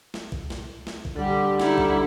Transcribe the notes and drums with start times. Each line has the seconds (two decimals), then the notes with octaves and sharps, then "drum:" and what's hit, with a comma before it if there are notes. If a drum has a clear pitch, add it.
0.14 drum: snare
0.32 drum: kick A#1
0.50 drum: snare
0.87 drum: snare
1.05 drum: kick A#1
1.16 D3 G3 G4 A4 F#5
1.60 G3 D#4 E4, drum: snare
1.78 drum: kick A#1